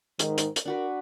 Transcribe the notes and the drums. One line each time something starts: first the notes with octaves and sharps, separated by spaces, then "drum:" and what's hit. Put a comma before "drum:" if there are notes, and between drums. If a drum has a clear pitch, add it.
G#2 D#3, drum: hi-hat
drum: hi-hat
drum: hi-hat
D4 F#4 A#4 B4